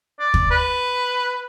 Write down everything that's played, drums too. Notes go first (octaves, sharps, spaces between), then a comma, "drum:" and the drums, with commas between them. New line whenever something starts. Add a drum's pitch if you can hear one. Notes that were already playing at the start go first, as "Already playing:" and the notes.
D5
drum: kick
B4